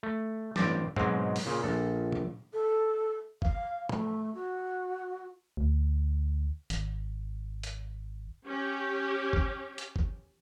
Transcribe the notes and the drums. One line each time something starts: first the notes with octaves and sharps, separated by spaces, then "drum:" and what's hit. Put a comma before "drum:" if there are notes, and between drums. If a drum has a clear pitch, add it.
A3
A1 G2 C4 G4 D5 A5, drum: snare
G#2 B2 F#3 G#3 C4, drum: tom G#2
drum: open hi-hat
A#2 C#3
A#1 A4
drum: tom
A4
F5, drum: kick G1
A3, drum: tom
F#4
D2
G#1, drum: hi-hat
drum: hi-hat
C#4 G4
drum: kick G1
drum: hi-hat
drum: kick G1